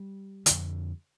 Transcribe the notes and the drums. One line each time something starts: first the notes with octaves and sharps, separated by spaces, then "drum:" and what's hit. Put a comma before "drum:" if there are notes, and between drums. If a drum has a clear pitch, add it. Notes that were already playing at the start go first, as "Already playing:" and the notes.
Already playing: G3
F2 D3, drum: hi-hat